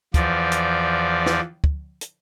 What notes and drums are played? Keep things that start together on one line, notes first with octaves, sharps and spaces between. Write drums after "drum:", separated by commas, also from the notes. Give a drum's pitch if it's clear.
E2 F3 D5, drum: kick, hi-hat
drum: hi-hat
drum: snare
drum: kick
drum: hi-hat